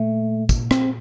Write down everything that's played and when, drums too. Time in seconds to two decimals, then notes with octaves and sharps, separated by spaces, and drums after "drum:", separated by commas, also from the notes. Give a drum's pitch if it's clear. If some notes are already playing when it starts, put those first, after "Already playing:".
Already playing: A#2 A3
0.49 drum: kick, tambourine
0.71 C4, drum: rim click